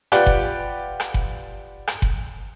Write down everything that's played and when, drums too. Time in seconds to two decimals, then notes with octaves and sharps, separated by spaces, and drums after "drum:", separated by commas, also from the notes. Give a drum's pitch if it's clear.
0.12 F4 G4 B4 D5 F#5 G5, drum: rim click
0.26 drum: kick F#1
1.00 drum: rim click
1.14 drum: kick F#1
1.87 drum: rim click
2.02 drum: kick F#1